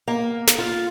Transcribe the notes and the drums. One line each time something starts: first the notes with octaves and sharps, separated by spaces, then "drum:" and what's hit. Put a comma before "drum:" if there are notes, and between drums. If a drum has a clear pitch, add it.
A#3
drum: snare
F4